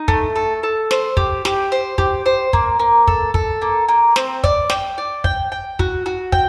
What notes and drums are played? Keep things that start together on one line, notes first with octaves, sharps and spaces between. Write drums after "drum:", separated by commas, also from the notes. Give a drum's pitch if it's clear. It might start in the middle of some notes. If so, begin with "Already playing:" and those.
Already playing: D#4
A3, drum: kick
A4
A4
C5, drum: snare
G4, drum: kick
G4, drum: snare
C5
G4, drum: kick
C5
A#3, drum: kick
A#3
A4, drum: kick
A4, drum: kick
A#3
A#3
C4, drum: snare
D5, drum: kick
G5, drum: snare
D5
G5, drum: kick
G5
F#4, drum: kick
F#4
G5, drum: kick